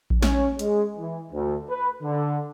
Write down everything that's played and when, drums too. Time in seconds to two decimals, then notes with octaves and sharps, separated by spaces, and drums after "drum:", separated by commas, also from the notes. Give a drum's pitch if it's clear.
0.10 drum: kick A#1
0.22 C#4, drum: snare
0.59 G#3, drum: hi-hat
0.98 E3
1.31 D2
1.70 B4
2.03 D3